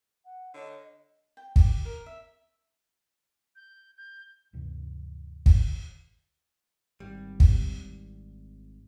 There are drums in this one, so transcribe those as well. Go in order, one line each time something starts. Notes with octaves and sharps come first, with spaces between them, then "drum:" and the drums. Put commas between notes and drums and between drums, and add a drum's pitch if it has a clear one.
F#5
D3 C#5 D#5
G5
G4, drum: kick
A#4
E5
G6
G6
D2 G2 C3 E3
drum: kick
G#1 G3
drum: kick